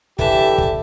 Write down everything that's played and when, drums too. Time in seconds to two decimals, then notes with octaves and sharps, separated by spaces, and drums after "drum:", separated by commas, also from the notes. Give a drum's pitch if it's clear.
0.19 D3 E3 G4 E5 A5, drum: kick
0.58 drum: kick